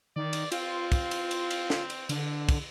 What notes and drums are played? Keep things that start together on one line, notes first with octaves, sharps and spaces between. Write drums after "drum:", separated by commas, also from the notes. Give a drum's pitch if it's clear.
D#3 D5
drum: cymbal
C4 F4, drum: cymbal
drum: kick, cymbal
drum: cymbal
drum: cymbal
drum: cymbal
drum: snare
drum: cymbal
D3, drum: cymbal
drum: kick, cymbal